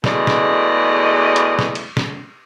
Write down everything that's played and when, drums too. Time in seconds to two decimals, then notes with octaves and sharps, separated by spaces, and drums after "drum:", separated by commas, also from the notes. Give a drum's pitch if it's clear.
0.04 E2 B2 G#3 A3 D5 D#5, drum: snare
0.27 drum: snare
1.36 drum: hi-hat
1.59 drum: snare
1.75 drum: cymbal
1.97 drum: snare